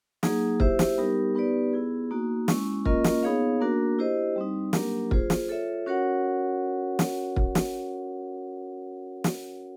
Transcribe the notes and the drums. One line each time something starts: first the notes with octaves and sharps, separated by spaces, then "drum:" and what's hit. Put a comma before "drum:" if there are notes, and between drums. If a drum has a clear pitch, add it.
F#3 A#3 D#4 G#4, drum: snare
E4 G4 C5 E5, drum: kick
drum: snare
G3 B3 D#4 G4 A#4
B3 D#4 G4 B4 D5
B3 E4 G#4
A#3 D#4 F#4
G#3 C#4 E4, drum: snare
A#3 C#4 F4 A#4 D#5, drum: kick
drum: snare
B3 D#4 G#4 C#5 F5
A#3 D4 F#4 A#4
E4 G4 C5 D#5
G3 C4 D#4
F#3 A#3 D4 G4 A#4, drum: snare
F4 G#4 C5, drum: kick
drum: snare
F4 A4 C#5 E5
C#4 F#4 A#4 C#5 F#5
drum: snare
drum: kick
drum: snare
drum: snare